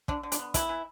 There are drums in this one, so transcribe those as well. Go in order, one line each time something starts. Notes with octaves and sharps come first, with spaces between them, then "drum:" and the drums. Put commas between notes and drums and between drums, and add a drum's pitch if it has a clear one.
D3 D4, drum: kick
D3
D4, drum: hi-hat
B3
E3 E4, drum: kick, hi-hat
E3